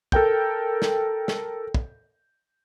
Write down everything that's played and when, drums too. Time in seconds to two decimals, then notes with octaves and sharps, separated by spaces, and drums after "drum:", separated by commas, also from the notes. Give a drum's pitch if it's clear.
0.12 A4 A#4 G5 G6, drum: kick
0.82 drum: snare
1.28 drum: snare
1.75 drum: kick